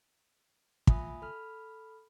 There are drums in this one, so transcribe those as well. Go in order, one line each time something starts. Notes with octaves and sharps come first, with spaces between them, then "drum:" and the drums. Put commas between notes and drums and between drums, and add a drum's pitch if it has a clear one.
F4 E5 G#5 B5 D#6, drum: kick
A4 B5 F6